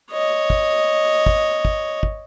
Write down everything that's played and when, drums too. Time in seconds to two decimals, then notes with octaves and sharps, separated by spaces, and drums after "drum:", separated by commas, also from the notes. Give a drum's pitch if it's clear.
0.12 C#5 D#5
0.50 drum: kick
1.26 drum: kick
1.65 drum: kick
2.03 drum: kick